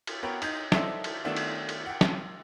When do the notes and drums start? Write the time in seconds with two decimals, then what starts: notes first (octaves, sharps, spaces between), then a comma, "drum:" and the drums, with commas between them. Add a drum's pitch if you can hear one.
0.07 drum: cymbal
0.23 B3 F#4 A#4 C#5 G5 B5
0.42 D#4 G6, drum: cymbal
0.72 D#4 E4 A4 C5 D5 E5, drum: snare
1.04 drum: cymbal
1.25 D#3 F#3 A3 B3 D4 E4
1.36 drum: cymbal
1.69 drum: cymbal
1.86 F#5 G5
2.01 drum: snare